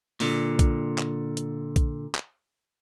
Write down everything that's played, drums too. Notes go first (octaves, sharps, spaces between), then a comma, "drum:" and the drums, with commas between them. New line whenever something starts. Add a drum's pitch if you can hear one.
A#2 D3, drum: open hi-hat
drum: kick A#1, hi-hat
drum: clap
drum: hi-hat
drum: kick A#1, hi-hat
drum: clap